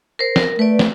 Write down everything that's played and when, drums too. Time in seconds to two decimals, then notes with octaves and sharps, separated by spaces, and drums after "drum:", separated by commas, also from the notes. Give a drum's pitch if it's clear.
0.19 A#4 C5
0.36 A#4, drum: snare
0.59 A3 B4 D5
0.79 drum: snare